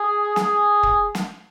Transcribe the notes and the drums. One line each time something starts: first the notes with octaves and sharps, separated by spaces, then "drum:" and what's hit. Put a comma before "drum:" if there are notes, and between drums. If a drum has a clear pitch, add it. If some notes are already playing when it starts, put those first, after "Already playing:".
Already playing: G#4
G#4, drum: snare
drum: kick
drum: snare